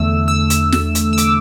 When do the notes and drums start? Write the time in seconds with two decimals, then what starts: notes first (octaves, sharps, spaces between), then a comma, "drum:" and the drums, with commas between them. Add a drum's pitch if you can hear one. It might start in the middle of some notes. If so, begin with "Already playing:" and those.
Already playing: E2 D3 A3 E6
0.28 E6
0.50 drum: hi-hat
0.72 drum: snare
0.95 drum: hi-hat
1.13 E6
1.18 D6, drum: hi-hat